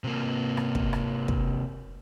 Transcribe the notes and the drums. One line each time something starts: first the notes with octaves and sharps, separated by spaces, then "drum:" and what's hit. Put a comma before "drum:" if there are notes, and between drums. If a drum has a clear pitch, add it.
C3 A#3
drum: rim click
drum: kick
drum: rim click
drum: kick